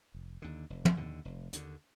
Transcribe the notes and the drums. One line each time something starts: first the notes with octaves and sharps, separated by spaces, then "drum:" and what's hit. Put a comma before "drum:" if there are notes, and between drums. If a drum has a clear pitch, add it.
F1
D#2 D3
F1
drum: tom
D#2 D3
F1
D#2 D3, drum: hi-hat